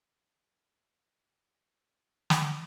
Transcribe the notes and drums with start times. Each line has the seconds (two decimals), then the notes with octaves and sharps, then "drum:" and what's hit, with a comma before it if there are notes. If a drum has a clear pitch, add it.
0.14 G#2 E3 B3 E4
0.28 D4
0.42 E4
0.55 G#4 B4
0.70 B2 G#3 B3 A4 C#5
1.25 C#3 E3 B4 D5
2.30 drum: snare